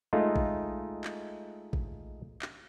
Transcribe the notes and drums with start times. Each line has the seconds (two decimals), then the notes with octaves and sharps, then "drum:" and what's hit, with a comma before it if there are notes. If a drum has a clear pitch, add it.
0.13 G#3 A3 D#4 F4
0.36 drum: kick A1
1.04 drum: clap
1.73 drum: kick A1
2.42 drum: clap